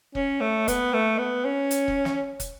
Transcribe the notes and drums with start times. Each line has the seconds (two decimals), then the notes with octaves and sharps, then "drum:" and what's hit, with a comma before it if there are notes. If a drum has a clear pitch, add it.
0.15 C#4, drum: kick
0.41 A3
0.68 B3, drum: kick, hi-hat
0.93 A3
1.18 B3
1.45 C#4
1.71 drum: hi-hat
1.88 drum: kick
2.05 drum: snare
2.40 drum: kick, hi-hat